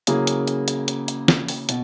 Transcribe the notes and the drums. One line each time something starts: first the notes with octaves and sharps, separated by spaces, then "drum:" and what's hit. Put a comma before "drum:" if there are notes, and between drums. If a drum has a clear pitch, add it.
C#3 F#3 A#3 E4 G#4, drum: hi-hat
drum: hi-hat
drum: hi-hat
drum: hi-hat
drum: hi-hat
drum: hi-hat
drum: snare
drum: open hi-hat
B2, drum: hi-hat